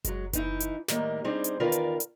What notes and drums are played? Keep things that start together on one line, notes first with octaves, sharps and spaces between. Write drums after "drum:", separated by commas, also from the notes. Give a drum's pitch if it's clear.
F#3 G#3, drum: kick F#1, hi-hat
E3 D#4 E4, drum: kick F#1, hi-hat
drum: hi-hat
A2 D#3 G3 A#3 D#5, drum: snare
G3 C4 D4 D#4 G#4 C5
drum: hi-hat
E2 D#3 F4 A#4 B4 D5
drum: hi-hat
drum: hi-hat